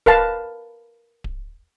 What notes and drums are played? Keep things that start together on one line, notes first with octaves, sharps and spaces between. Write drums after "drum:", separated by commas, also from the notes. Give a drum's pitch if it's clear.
A#4 B4 F5 A5, drum: kick D1
drum: kick D1